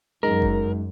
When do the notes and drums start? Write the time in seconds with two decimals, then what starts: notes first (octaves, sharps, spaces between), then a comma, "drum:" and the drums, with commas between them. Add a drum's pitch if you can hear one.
0.23 F#2 G#3 D#4 A#4
0.42 drum: kick F#1